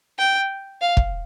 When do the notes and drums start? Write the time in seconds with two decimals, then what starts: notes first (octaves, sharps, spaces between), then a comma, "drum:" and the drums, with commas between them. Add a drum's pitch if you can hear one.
0.19 G5
0.81 F5
0.97 drum: kick